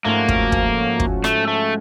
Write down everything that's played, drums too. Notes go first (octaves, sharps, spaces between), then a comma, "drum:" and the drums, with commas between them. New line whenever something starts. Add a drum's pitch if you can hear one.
G#2 F3 A3 A#3 C#4 F#4
drum: kick
drum: kick
drum: kick
A3, drum: rim click
A3